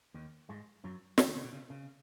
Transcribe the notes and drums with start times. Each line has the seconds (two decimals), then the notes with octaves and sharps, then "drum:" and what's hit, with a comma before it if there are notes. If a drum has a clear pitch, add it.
0.14 D#2 D#3
0.49 G#2 G#3
0.84 F#2 F#3
1.18 E2 E3, drum: snare
1.27 D#2 D#3
1.36 C#3
1.44 B2
1.52 C#3
1.70 C#3